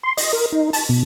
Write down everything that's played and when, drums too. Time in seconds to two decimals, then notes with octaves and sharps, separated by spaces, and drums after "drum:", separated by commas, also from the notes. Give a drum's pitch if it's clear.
0.03 C6
0.17 D#5, drum: open hi-hat
0.33 A#4
0.52 D#4
0.73 A5, drum: open hi-hat
0.89 B2